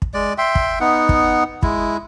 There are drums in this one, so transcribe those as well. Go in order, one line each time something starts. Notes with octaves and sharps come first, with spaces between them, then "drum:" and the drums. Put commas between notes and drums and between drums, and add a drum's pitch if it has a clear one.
drum: kick
G#3 D5
E5 G5 C6
drum: kick
B3 D#4 F#5
drum: kick
G#3 E4, drum: kick